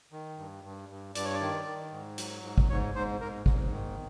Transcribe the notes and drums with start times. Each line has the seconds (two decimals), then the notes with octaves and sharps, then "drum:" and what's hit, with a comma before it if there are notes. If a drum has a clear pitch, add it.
0.12 D#3
0.38 G2
0.64 G2
0.89 G2
1.15 G2 D5, drum: hi-hat
1.25 C#5
1.34 D5
1.41 D#3
1.66 D#3
1.92 G#2
2.18 F#3, drum: hi-hat
2.43 G#2
2.58 drum: kick
2.70 G#2 C#5
2.95 G#2 C5
3.21 G#2 A#4
3.46 G#2, drum: kick
3.72 D#3